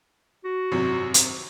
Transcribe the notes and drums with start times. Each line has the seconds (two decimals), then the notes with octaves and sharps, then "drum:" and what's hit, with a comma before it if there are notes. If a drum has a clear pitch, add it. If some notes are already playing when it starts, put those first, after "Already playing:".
0.44 F#4
0.72 G#1 F#2 C3
1.14 drum: hi-hat